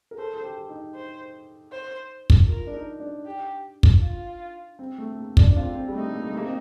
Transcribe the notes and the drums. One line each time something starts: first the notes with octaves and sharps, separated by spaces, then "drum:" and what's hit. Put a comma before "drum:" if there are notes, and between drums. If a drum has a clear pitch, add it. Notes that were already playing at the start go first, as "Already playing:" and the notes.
A#4
A4 C5
A4
G4
D#4
C5
C5
drum: kick
F4 A#4
D4
D#4
D4
G4
drum: kick
F4
C4
A3
A#3
D4, drum: kick
D4
C4 F4
C4
G3
A3 D#4
A#3
G3
A3
A#3
C4